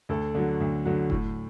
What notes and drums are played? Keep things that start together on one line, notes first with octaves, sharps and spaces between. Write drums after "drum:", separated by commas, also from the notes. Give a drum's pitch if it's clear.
D2 A4
D3 F#3
D2
D3 F#3
A2, drum: kick F1